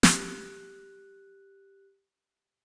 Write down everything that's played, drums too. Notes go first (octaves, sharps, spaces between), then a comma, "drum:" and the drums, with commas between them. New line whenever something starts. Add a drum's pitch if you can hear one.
G4 F#6, drum: snare